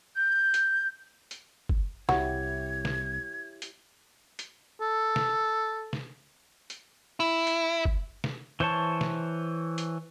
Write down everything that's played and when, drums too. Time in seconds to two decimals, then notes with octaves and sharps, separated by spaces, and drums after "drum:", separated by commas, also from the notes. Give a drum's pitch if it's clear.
0.15 G6
0.54 drum: hi-hat
1.31 drum: hi-hat
1.69 drum: kick F#1
2.09 C2 E4 F#4 G4 C#5 G#6, drum: snare
2.85 drum: snare
3.62 drum: hi-hat
4.39 drum: hi-hat
4.81 A4
5.16 drum: snare
5.93 drum: snare
6.70 drum: hi-hat
7.20 E4
7.47 drum: hi-hat
7.85 drum: kick F#1
8.24 drum: snare
8.60 E3 C5 C#5 A5
9.01 drum: snare
9.78 drum: hi-hat